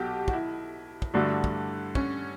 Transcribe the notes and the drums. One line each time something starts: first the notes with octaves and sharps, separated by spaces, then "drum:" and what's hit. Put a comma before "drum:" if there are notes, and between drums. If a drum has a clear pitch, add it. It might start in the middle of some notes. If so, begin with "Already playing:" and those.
Already playing: B1 B2 F#4 G4 A4
F#4, drum: kick
E4
drum: kick
G2 D3 A3 D4 F#4
drum: kick
C#4, drum: kick